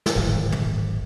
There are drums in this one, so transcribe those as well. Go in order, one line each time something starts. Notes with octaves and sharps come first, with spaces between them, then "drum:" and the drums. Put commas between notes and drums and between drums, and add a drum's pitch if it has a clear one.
drum: snare
D1 G#1 F3
drum: tom